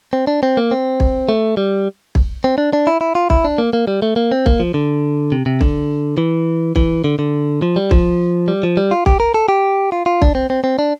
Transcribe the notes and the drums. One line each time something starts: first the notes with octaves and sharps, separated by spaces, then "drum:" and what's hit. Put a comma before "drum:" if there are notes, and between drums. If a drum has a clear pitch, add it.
C4
D4
C4
A#3
C4
drum: kick
A3
G3
drum: kick
C4
D4
D4
E4
E4
F4
E4, drum: kick
D4
A#3
A#3
G3
A3
A#3
C4
A#3, drum: kick
F3
D3
C3
C3
D3, drum: kick
E3
E3, drum: kick
D3
D3
F3
G3
F3, drum: kick
G3
F3
G3
F4
G4, drum: kick
A#4
A4
G4
F4
F4
D4, drum: kick
C4
C4
C4
D4